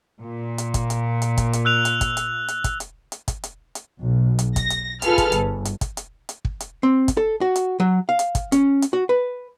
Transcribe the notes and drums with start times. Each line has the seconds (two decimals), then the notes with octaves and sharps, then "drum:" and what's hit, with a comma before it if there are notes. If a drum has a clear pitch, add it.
0.21 A#2
0.58 drum: hi-hat
0.74 drum: kick, hi-hat
0.90 drum: hi-hat
1.22 drum: hi-hat
1.37 drum: kick, hi-hat
1.53 drum: hi-hat
1.65 E6 F#6 F7
1.85 drum: hi-hat
2.01 drum: kick, hi-hat
2.17 drum: hi-hat
2.48 drum: hi-hat
2.64 drum: kick, hi-hat
2.80 drum: hi-hat
3.12 drum: hi-hat
3.28 drum: kick, hi-hat
3.44 drum: hi-hat
3.75 drum: hi-hat
3.97 B1
4.39 drum: hi-hat
4.56 A#6, drum: kick, hi-hat
4.70 drum: hi-hat
5.02 F4 G#4 A4 B4 F6, drum: hi-hat
5.18 drum: kick, hi-hat
5.32 G1, drum: hi-hat
5.65 drum: hi-hat
5.81 drum: kick, hi-hat
5.97 drum: hi-hat
6.29 drum: hi-hat
6.45 drum: kick
6.60 drum: hi-hat
6.83 C4
7.08 drum: kick, hi-hat
7.17 A4
7.41 F#4
7.56 drum: hi-hat
7.80 F#3
8.09 F5
8.19 drum: hi-hat
8.35 drum: kick, hi-hat
8.52 C#4, drum: hi-hat
8.82 drum: hi-hat
8.93 F#4
9.09 B4